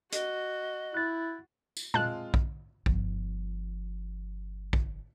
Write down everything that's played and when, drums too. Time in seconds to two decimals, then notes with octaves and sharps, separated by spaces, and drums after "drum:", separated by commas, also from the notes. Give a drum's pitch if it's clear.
0.12 F#4 D#5, drum: hi-hat
0.94 E4 F#6 A6
1.77 drum: tambourine
1.94 G#3 C4 F4 A5 F#6, drum: tom
2.34 drum: kick A#1
2.86 G1 F3, drum: kick A#1
4.73 drum: kick A#1